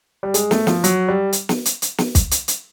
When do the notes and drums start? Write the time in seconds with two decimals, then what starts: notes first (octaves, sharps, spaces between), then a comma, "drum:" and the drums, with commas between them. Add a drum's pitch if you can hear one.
0.23 G3
0.34 G#3, drum: hi-hat
0.51 A3, drum: snare
0.67 F3, drum: snare
0.84 F#3, drum: hi-hat
1.08 G3
1.33 drum: hi-hat
1.49 drum: snare
1.65 drum: hi-hat
1.82 drum: hi-hat
1.98 drum: snare
2.15 drum: kick, hi-hat
2.31 drum: hi-hat
2.48 drum: hi-hat